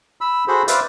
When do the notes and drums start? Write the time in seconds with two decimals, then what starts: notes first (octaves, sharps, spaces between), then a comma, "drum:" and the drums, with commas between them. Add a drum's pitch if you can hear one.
0.21 B5 E6
0.48 F#4 G#4 A4 C5 B5
0.68 B4 C5 D5 E5 F5 D6, drum: hi-hat